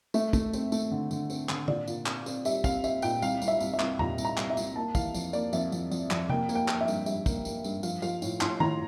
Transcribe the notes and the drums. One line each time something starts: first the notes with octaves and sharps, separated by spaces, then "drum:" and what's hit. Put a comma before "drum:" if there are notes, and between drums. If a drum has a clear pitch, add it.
A3 E5, drum: tambourine
A3, drum: kick, tambourine
C4, drum: tambourine
A3, drum: tambourine
D3
D3, drum: tambourine
C4, drum: tambourine
D3, drum: clap
A#2 D5, drum: tom
A#2, drum: tambourine
C4, drum: clap
C4, drum: tambourine
G3 E5, drum: tambourine
C4 F5, drum: kick, tambourine
C4 E5, drum: tambourine
A#2 G5, drum: tambourine
C2 F5, drum: tambourine
C2, drum: tambourine
E5
C2, drum: tambourine
E5
C2, drum: clap
A#2 A#5, drum: tom E2
C2, drum: tambourine
A#5
C2, drum: clap
E5
C2, drum: tambourine
A#3 A5
E3 F5, drum: kick, tambourine
F2, drum: tambourine
A#3 D5, drum: tambourine
F2 E5, drum: tambourine
F2, drum: tambourine
F2, drum: tambourine
F2, drum: clap
A#3 G5, drum: tom C3
A#3, drum: tambourine
G5
A#3, drum: clap
E5
G2, drum: tambourine
G2 E5, drum: tambourine
A#3, drum: kick, tambourine
A#3, drum: tambourine
G2, drum: tambourine
F3 F5, drum: tambourine
F3 F5, drum: tambourine
A2, drum: tambourine
A2 C6, drum: clap
A2 A#5, drum: tom